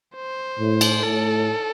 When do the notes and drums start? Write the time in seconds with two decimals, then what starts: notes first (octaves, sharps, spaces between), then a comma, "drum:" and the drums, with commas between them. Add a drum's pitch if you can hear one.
0.15 C5
0.59 A2
0.81 drum: cymbal
1.03 A2 A4